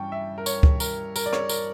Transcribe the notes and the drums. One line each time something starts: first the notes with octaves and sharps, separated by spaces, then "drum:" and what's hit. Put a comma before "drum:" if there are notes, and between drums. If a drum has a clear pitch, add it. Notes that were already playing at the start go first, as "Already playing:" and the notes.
Already playing: G2 E3 C#4 G5 A5 C#6
E5
A#4
C#5, drum: tambourine
drum: kick C#2
A#4, drum: tambourine
A#4, drum: tambourine
D5
C#5, drum: rim click
A#4, drum: tambourine